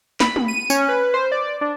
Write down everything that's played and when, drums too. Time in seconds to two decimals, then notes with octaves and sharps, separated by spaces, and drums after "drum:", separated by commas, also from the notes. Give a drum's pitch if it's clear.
0.20 B5, drum: snare
0.36 drum: tom
0.48 D#7
0.70 C#4, drum: tambourine
0.89 B4
1.14 C5
1.32 D5
1.61 D4